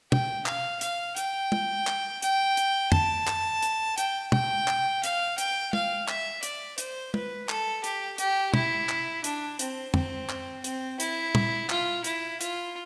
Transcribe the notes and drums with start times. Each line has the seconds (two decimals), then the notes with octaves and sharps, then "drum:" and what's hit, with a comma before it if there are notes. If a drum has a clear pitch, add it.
0.12 G5, drum: tom
0.46 F5, drum: clap
0.81 F5, drum: hi-hat
1.16 G5, drum: hi-hat
1.52 drum: tom
1.87 drum: clap
2.22 G5, drum: hi-hat
2.57 drum: hi-hat
2.92 A5, drum: tom
3.27 drum: clap
3.62 drum: hi-hat
3.98 G5, drum: hi-hat
4.32 G5, drum: tom
4.68 drum: clap
5.03 F5, drum: hi-hat
5.38 G5, drum: hi-hat
5.73 F5, drum: tom
6.08 E5, drum: clap
6.43 D5, drum: hi-hat
6.78 C5, drum: hi-hat
7.14 B4, drum: tom
7.49 A4, drum: clap
7.84 G4, drum: hi-hat
8.18 G4, drum: hi-hat
8.54 E4, drum: tom
8.89 drum: clap
9.24 D4, drum: hi-hat
9.59 C4, drum: hi-hat
9.94 C4, drum: tom
10.29 drum: clap
10.64 C4, drum: hi-hat
11.00 E4, drum: hi-hat
11.35 drum: tom A#2
11.70 F4, drum: clap
12.04 E4, drum: hi-hat
12.41 F4, drum: hi-hat